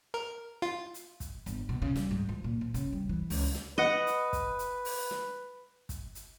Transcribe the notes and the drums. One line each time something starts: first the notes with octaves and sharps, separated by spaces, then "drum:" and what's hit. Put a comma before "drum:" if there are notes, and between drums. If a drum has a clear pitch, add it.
A#4
F4
drum: hi-hat
drum: kick, hi-hat
G1, drum: hi-hat
B2
C#3
G3, drum: snare
G#2
F3
A#2
F3
C#3, drum: kick, hi-hat
G3
E3
C#2, drum: open hi-hat
drum: snare
B4 D#5 F#5
drum: hi-hat
drum: kick, hi-hat
drum: hi-hat
drum: open hi-hat
drum: snare
drum: kick, hi-hat
drum: hi-hat